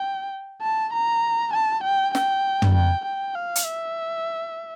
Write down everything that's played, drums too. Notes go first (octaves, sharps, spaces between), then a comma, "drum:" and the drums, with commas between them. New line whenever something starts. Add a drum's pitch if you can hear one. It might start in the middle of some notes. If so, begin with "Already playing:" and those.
Already playing: G5
A5
A#5
A5
G5
G5, drum: snare
drum: tom
G5
G5
F5
drum: hi-hat
E5